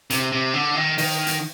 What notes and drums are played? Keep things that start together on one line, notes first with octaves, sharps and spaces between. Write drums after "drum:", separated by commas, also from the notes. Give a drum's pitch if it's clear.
C3, drum: hi-hat
C3
D3
D#3
D#3, drum: open hi-hat
drum: hi-hat